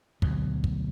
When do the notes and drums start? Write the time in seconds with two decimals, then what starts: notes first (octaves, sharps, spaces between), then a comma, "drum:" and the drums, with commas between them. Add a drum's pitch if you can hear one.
0.22 D2 B2 F#3, drum: kick
0.64 drum: kick